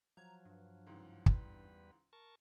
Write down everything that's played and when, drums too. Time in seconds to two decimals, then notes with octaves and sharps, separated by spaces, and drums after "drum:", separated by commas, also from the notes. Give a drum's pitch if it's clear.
0.17 F3 F#3 A#5 G#6
0.45 G2
0.86 C#2 G#2 E3
1.26 E2 G3 B4, drum: kick
2.13 A#4 A5 C#6